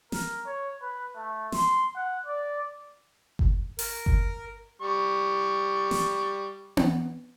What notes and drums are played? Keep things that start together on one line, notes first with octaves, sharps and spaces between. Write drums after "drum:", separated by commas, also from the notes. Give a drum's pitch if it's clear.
A#4, drum: snare
C#5
B4
A3
C6, drum: snare
F#5
D5
drum: kick G1
A#4, drum: open hi-hat
drum: kick G1
G3 C#6
drum: snare
drum: tom B3